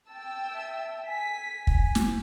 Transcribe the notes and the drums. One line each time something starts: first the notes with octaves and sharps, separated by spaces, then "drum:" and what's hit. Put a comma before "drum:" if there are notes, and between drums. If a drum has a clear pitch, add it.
G5 A5 E6
E5
G#5 B6
drum: kick
drum: snare